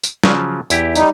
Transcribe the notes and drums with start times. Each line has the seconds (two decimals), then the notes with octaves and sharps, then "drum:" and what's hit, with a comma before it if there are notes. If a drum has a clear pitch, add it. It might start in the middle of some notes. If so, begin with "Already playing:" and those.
0.03 drum: tambourine
0.23 C#3 F3 F#3, drum: snare
0.70 E2 E4 G4, drum: tambourine
0.95 G3 D#4, drum: tambourine